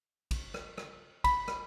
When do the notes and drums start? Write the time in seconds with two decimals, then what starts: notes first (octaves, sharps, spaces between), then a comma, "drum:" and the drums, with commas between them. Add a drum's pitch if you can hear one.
0.31 drum: kick, cymbal
0.54 drum: rim click
0.78 drum: rim click
1.24 B5, drum: kick, cymbal
1.48 drum: rim click